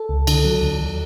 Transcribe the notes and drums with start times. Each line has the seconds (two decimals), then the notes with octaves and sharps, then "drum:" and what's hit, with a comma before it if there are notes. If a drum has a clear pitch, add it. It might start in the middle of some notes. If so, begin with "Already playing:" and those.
Already playing: A4
0.09 C#2
0.27 D3, drum: cymbal
0.45 F#3
0.62 D#2
0.80 D#2